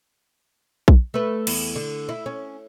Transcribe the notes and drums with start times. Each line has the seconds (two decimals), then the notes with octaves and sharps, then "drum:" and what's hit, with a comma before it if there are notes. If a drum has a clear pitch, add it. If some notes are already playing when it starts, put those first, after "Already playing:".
0.88 drum: kick A#1
1.14 A3 B4
1.47 E2, drum: cymbal
1.75 D3
2.09 E4
2.26 C#4